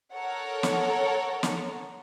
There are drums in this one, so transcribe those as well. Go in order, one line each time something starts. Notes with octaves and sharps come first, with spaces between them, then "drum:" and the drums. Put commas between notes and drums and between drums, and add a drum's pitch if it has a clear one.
A4 A#4 C#5 F#5
drum: snare
drum: snare